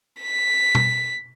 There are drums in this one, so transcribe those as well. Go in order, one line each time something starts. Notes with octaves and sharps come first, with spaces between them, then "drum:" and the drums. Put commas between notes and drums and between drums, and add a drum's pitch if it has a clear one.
B6
drum: tom